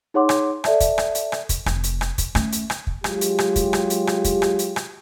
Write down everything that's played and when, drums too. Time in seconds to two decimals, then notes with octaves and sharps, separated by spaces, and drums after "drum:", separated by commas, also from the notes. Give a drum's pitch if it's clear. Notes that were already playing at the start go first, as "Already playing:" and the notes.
0.14 D#4 G#4 C#5 F#5 C6 D6
0.29 drum: rim click
0.64 A4 D5 E5 A5, drum: rim click
0.80 drum: kick, hi-hat
0.98 drum: rim click
1.15 drum: hi-hat
1.32 drum: rim click
1.49 drum: kick, hi-hat
1.66 F1, drum: rim click
1.84 drum: hi-hat
2.01 drum: rim click
2.18 drum: kick, hi-hat
2.35 A3 C#4, drum: rim click
2.52 drum: hi-hat
2.70 drum: rim click
2.87 drum: kick
3.04 F#3 G#3 F4 G4, drum: rim click
3.21 drum: hi-hat
3.39 drum: rim click
3.56 drum: kick, hi-hat
3.73 drum: rim click
3.90 drum: hi-hat
4.07 drum: rim click
4.25 drum: kick, hi-hat
4.42 drum: rim click
4.59 drum: hi-hat
4.76 drum: rim click